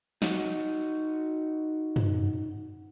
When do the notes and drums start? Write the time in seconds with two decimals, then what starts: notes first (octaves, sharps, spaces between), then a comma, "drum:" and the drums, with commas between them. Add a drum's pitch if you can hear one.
0.22 D#4 F#4, drum: snare
1.96 drum: tom